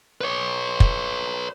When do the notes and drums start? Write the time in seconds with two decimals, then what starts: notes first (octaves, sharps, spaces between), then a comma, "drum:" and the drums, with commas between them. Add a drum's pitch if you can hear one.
0.21 B4 C#5
0.80 drum: kick